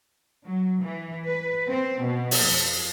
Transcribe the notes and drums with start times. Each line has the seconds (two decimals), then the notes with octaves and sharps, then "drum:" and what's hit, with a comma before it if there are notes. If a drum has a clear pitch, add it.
0.45 F#3
0.83 E3
1.26 B4
1.70 C4
2.06 B2
2.31 drum: open hi-hat
2.44 F2